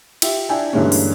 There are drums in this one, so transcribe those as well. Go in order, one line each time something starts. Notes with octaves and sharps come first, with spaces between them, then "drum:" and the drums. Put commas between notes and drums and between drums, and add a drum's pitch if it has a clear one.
F4 G4 E5, drum: cymbal
D4 E4 E5 G5 G#5
G2 D3 E3 G#3 A#3 C#4
drum: open hi-hat